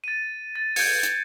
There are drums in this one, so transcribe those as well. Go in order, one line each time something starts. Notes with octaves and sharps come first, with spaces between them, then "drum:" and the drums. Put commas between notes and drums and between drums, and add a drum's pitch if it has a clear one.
A6 D#7
A6
G6 G#6 C#7 D7, drum: open hi-hat
drum: hi-hat